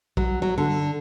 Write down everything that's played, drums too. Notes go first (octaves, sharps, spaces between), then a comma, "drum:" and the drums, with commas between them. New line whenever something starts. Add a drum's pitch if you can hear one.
F#3, drum: kick
F#3
D3